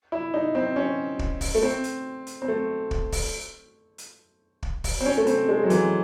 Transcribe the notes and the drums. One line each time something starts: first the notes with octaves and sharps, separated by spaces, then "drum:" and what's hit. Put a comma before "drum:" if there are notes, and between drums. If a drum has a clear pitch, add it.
E4
D#4
C4
C#4
drum: kick
drum: kick, open hi-hat
A3
C4
drum: hi-hat
drum: hi-hat
C4
A3
drum: kick
drum: kick, open hi-hat
drum: hi-hat
drum: kick
drum: kick, open hi-hat
C4
C#4
A3
C4, drum: hi-hat
G#3
F#3
E3, drum: hi-hat